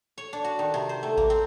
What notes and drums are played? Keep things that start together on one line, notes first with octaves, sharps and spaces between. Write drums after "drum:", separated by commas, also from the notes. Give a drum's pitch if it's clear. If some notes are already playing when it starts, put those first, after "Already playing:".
C#5
D4
F#4
D#3
C3
C5
A3
A#3, drum: kick G#1
C4